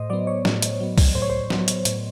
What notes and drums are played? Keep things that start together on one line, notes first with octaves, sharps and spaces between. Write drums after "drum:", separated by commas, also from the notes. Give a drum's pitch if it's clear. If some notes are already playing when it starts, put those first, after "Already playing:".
Already playing: A2 C5 D#5
F#3 B3 D5
C#5
A2, drum: snare
drum: hi-hat
F#3 B3
drum: kick C2, open hi-hat
A2 C5
C#5
C5
F#3 B3, drum: snare
drum: hi-hat
A2, drum: hi-hat